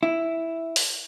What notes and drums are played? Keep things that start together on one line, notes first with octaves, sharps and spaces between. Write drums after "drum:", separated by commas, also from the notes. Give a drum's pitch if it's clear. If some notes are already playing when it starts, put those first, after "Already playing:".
E4
drum: open hi-hat